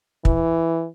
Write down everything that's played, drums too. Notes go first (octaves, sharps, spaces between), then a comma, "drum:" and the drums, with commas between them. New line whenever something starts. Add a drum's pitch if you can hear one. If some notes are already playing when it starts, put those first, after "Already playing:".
E3, drum: kick